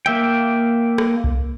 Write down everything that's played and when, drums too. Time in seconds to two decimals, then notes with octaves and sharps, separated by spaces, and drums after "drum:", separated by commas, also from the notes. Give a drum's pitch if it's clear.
0.06 A#3 E5 G5
0.98 drum: rim click
1.24 drum: kick C2